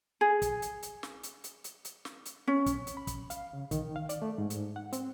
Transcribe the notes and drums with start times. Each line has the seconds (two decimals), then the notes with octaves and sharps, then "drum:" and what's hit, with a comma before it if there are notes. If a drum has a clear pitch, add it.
0.21 G#4
0.42 drum: kick, hi-hat
0.62 drum: hi-hat
0.83 drum: hi-hat
1.03 drum: snare
1.23 drum: hi-hat
1.44 drum: hi-hat
1.64 drum: hi-hat
1.85 drum: hi-hat
2.05 drum: snare
2.25 drum: hi-hat
2.48 C#4
2.66 drum: kick, hi-hat
2.87 drum: hi-hat
2.97 B5
3.07 drum: kick, hi-hat
3.30 F5, drum: hi-hat
3.53 C#3
3.71 D#3, drum: kick, hi-hat
3.96 F5
4.09 D5, drum: hi-hat
4.22 A3
4.38 G#2
4.50 drum: hi-hat
4.76 F#5
4.93 C4, drum: hi-hat